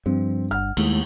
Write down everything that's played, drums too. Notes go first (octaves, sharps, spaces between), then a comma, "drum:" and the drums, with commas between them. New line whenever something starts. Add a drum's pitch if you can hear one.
G2 F3 C4
G1 F#5 F6
D#2 G#3 A3 E4, drum: cymbal